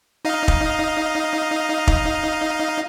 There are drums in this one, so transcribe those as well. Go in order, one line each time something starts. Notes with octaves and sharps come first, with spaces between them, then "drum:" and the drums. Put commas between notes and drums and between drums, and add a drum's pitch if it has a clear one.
D#4 D#5 F5
drum: kick
drum: kick